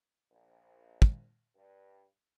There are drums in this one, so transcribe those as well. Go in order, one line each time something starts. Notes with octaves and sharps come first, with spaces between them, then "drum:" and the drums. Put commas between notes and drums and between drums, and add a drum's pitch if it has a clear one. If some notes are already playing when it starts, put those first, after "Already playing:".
A#1
drum: kick
G2